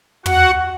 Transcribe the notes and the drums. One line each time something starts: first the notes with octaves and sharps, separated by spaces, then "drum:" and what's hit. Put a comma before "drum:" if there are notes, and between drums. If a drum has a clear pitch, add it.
F#4 F#5, drum: tom